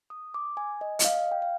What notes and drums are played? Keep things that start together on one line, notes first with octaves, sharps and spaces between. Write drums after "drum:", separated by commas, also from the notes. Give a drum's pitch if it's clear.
D#6
D6
G#5
D#5
D#5, drum: hi-hat
F5
G5
F5